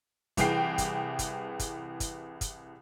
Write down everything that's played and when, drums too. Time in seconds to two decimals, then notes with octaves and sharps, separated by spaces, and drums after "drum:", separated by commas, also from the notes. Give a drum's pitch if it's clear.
0.37 C2 E3 G#4 G5 C7, drum: kick, hi-hat
0.78 drum: kick, hi-hat
1.19 drum: kick, hi-hat
1.59 drum: kick, hi-hat
2.00 drum: kick, hi-hat
2.41 drum: kick, hi-hat